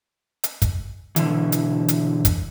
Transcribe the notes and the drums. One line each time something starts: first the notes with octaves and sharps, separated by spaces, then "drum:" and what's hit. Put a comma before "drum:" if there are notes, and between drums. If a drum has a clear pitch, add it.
drum: hi-hat
drum: kick, hi-hat
B2 D3 E3, drum: hi-hat
drum: hi-hat
drum: hi-hat
drum: kick, hi-hat